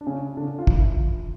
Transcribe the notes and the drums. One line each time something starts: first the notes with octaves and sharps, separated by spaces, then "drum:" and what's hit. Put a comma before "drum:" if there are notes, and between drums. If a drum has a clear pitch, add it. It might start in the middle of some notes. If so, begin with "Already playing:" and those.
D4
C#3 C#4
D3 D4
F4
E3 E4, drum: kick